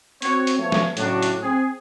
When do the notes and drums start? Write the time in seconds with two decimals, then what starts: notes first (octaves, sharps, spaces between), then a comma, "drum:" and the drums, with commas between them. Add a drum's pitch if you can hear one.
0.22 C4 F#4 C#5, drum: hi-hat
0.47 drum: hi-hat
0.59 F3 A3 B3 C#5
0.72 drum: snare
0.97 A2 C#3 F#3 D4 F#4, drum: hi-hat
1.22 drum: hi-hat
1.42 C4 G#4